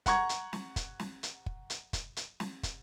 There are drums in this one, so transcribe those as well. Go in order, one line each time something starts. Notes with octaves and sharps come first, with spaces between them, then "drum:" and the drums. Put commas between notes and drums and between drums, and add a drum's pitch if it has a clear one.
F#5 A#5 C#6 G#6, drum: kick, hi-hat
drum: hi-hat
drum: snare
drum: kick, hi-hat
drum: snare
drum: hi-hat
drum: kick
drum: hi-hat
drum: kick, hi-hat
drum: hi-hat
drum: snare
drum: kick, hi-hat